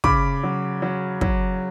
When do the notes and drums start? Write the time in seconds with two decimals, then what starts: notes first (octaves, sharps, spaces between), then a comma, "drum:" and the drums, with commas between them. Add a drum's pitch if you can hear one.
0.04 C#3 B5 D6, drum: kick
0.43 F#3
0.82 F#3
1.21 F#3, drum: kick